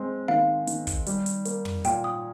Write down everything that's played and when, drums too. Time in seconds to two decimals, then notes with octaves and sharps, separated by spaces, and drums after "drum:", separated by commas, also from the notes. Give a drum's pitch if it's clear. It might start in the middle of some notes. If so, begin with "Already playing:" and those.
Already playing: G#3 C4
0.28 D#3 F5
0.67 D#3, drum: hi-hat
0.87 drum: kick, hi-hat
1.06 G3, drum: hi-hat
1.26 drum: hi-hat
1.45 A#3, drum: hi-hat
1.65 drum: tom
1.84 A#2 G5, drum: hi-hat
2.04 D#6